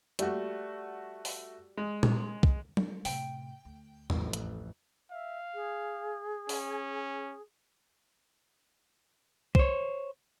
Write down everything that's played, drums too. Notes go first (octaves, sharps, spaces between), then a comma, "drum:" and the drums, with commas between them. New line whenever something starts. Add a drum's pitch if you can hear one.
G3 A3 F#4 D5, drum: hi-hat
drum: open hi-hat
G#3
drum: tom A#2
drum: kick
drum: tom F#3
A2 C3 G5, drum: open hi-hat
D2
A1 F2, drum: tom
drum: hi-hat
E5 F5
G#4
C#4, drum: open hi-hat
C5 C#5, drum: kick